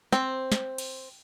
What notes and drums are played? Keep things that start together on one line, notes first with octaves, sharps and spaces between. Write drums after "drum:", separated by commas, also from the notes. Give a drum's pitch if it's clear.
C4, drum: snare
drum: snare
drum: cymbal